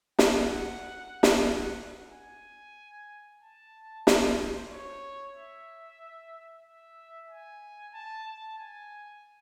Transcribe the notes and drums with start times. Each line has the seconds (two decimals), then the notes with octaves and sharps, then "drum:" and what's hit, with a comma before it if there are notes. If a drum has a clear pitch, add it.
0.19 F#5, drum: snare
1.23 drum: snare
2.12 G#5
3.42 A5
4.07 C5, drum: snare
4.71 C#5
5.35 E5
6.65 E5
7.30 G#5
7.94 A5
8.27 A5
8.58 G#5